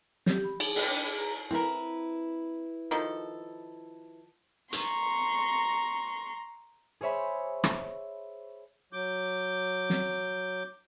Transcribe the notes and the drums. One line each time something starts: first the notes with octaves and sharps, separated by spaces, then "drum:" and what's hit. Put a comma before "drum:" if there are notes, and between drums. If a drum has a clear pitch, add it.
G4, drum: snare
B5
G#4, drum: cymbal
G5, drum: open hi-hat
D4
G#4
A#5
C4 E4 A#4 B4
D#3 F3 A4
A#5 C6 C#6, drum: hi-hat
G#4 C5 C#5 E5 B5
drum: rim click
F#3 D6 G6
drum: snare